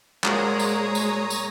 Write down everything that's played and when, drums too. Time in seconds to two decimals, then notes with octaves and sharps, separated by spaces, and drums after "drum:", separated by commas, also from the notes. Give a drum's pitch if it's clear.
0.24 A#2 F#3 G#3 C5 C#5 A#5 D#6, drum: clap
0.60 drum: tambourine
0.95 drum: tambourine
1.30 drum: tambourine